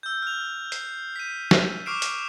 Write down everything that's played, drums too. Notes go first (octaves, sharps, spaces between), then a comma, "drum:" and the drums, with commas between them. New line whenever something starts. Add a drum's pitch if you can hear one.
E6 G6
F6 F7
C7, drum: hi-hat
B6 D#7
drum: snare
C#6 D6 F6 C7 D7 E7
drum: hi-hat